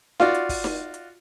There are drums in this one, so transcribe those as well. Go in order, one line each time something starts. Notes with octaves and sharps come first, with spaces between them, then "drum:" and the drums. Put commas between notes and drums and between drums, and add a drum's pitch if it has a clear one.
F4 F#4 D5, drum: snare D#4
drum: hi-hat
drum: kick, open hi-hat
drum: snare D#4
drum: hi-hat